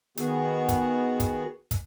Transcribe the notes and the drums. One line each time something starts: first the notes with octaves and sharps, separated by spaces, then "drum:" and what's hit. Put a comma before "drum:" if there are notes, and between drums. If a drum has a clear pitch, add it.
D#3 B3 F#4 G#4, drum: hi-hat
drum: kick, hi-hat
drum: kick, hi-hat
drum: kick, hi-hat